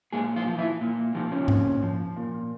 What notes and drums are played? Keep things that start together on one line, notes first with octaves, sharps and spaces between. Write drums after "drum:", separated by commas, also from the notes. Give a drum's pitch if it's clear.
A#2 G#3 G#4
F3 F4
F3
E3 E4
A#2
C3 F3 C4
C#3 C#4
A#2, drum: tom G#2
F3
A#2